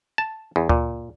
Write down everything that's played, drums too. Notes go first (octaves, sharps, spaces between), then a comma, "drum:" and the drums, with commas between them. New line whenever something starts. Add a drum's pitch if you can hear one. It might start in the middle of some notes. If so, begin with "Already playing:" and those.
A5
E2
A#2, drum: kick D2